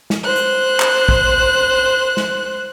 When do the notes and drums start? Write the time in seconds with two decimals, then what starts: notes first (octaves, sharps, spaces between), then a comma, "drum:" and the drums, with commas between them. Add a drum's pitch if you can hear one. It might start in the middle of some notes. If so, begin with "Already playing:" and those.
0.10 drum: snare
0.24 C5 F#6
0.36 drum: hi-hat
0.80 drum: clap
1.09 drum: kick
2.17 drum: snare